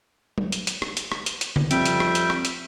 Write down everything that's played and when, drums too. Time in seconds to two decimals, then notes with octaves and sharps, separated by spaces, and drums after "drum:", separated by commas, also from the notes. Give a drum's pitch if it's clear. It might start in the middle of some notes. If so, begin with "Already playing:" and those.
0.38 drum: tom F#3
0.52 drum: hi-hat
0.67 drum: hi-hat
0.82 drum: rim click
0.97 drum: hi-hat
1.12 drum: rim click
1.26 drum: hi-hat
1.41 drum: hi-hat
1.56 drum: tom C#3
1.71 F2 G3 E5 G5, drum: hi-hat
1.86 drum: hi-hat
2.00 drum: rim click
2.15 drum: hi-hat
2.30 drum: rim click
2.45 drum: hi-hat